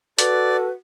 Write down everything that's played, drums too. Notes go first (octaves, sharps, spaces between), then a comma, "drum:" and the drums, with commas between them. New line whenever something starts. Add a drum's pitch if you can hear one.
F#4 A4 B4 D5, drum: hi-hat